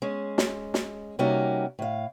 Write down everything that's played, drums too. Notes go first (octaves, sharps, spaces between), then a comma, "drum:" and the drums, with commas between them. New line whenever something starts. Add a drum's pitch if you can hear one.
G#3 C#4
drum: snare
drum: snare
C3 G3 A#3 C#4 D#4 F#4
A2 F5